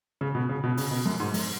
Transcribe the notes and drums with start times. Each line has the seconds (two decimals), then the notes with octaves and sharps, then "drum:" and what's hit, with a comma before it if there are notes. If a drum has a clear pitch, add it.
0.21 C#3, drum: tom
0.35 B2
0.49 C#3
0.64 B2
0.77 C#3, drum: open hi-hat
0.91 B2
1.06 F#2
1.20 G#2
1.34 F#2, drum: open hi-hat